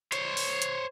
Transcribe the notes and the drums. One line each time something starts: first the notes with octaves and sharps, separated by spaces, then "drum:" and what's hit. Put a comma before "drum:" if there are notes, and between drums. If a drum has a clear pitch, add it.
C5 C#5, drum: hi-hat
drum: open hi-hat
drum: hi-hat